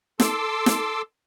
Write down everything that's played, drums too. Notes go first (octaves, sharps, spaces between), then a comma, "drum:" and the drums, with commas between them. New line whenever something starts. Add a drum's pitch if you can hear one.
A4 C6 D6 E6, drum: snare
drum: snare